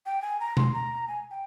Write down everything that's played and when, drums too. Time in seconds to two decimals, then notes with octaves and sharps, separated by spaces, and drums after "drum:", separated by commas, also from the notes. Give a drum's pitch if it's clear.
0.06 G5
0.22 G#5
0.40 A#5
0.57 C6, drum: tom B2
0.74 A#5
1.08 G#5
1.31 G5